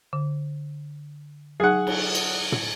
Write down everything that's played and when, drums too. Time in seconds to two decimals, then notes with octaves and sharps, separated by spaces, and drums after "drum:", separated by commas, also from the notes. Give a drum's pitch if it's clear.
0.13 D3
1.60 F#3 D#4 G#4 F#5
1.87 drum: cymbal
2.15 drum: cymbal
2.52 drum: tom